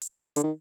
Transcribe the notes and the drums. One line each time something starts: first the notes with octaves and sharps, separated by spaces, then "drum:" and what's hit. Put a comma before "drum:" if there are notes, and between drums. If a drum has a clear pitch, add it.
drum: hi-hat
D3, drum: hi-hat
D#3